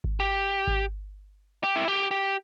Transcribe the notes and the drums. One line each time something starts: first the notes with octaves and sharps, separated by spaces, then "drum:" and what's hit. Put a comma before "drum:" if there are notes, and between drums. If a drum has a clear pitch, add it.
drum: kick G#1
G4
drum: kick G#1
G4
E4
G4
G4